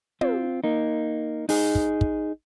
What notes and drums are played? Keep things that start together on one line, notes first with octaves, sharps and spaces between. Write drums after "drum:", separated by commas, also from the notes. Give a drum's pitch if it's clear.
C4 F4, drum: tom
A#3 D#4
D#4 G#4, drum: open hi-hat
drum: kick
drum: kick